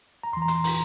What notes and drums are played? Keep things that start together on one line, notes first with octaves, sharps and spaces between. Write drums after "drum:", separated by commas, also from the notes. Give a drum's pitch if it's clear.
A#5
E2 E3 C6
A#5
C6, drum: hi-hat
A#5, drum: open hi-hat